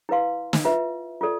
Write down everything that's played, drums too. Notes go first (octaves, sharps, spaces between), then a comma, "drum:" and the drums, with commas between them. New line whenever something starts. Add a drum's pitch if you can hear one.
E4 B4 F5 C6
drum: snare
F4 B4 E5
F4 A4 D5